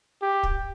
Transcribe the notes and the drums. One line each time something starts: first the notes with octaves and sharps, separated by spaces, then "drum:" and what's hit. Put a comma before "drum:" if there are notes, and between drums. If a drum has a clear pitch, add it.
G4
drum: kick